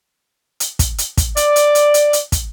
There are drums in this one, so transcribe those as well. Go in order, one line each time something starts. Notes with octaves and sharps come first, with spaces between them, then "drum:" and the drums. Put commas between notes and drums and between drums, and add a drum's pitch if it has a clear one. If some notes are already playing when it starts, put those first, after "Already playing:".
drum: hi-hat
drum: kick, hi-hat
drum: hi-hat
drum: kick, hi-hat
D5, drum: hi-hat
drum: hi-hat
drum: hi-hat
drum: hi-hat
drum: hi-hat
drum: kick, hi-hat